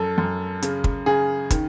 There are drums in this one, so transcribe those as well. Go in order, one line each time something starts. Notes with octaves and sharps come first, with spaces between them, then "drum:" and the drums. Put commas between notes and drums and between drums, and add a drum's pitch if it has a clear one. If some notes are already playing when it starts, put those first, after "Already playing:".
Already playing: F#2 A4
F#2
C#3, drum: hi-hat
drum: kick
C#3 G#4
D#3, drum: kick, hi-hat